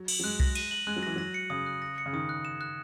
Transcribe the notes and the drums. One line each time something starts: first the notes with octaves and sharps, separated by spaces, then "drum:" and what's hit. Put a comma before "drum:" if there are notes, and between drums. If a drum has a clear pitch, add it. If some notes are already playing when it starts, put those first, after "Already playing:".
Already playing: F#3
F#7, drum: cymbal
F#3
G#3 F#6
A#6, drum: kick C2
D#7, drum: cymbal
F#7
G#3 F#6
F#3
E3 A#6
F#3 A#6
C#7
C#3 D#6
F#6
A#6
C#7
C#3
D#3 D#6
F#6
E7
F#6